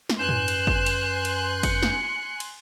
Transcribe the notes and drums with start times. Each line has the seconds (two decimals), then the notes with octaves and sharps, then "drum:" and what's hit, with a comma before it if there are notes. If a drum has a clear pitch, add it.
0.10 drum: snare
0.19 F#2 B4 G#5 C6 F#6 G6 E7
0.29 drum: tom G#2
0.48 drum: cymbal
0.67 drum: kick G1
0.86 drum: cymbal
1.25 drum: cymbal
1.63 C#7, drum: kick G1, cymbal
1.83 drum: snare
2.40 drum: cymbal